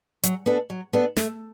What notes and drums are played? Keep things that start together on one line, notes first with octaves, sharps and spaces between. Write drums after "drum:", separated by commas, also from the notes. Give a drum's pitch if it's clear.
F#3, drum: hi-hat
B3 D4 A4
F#3
B3 D4 A4
A3, drum: snare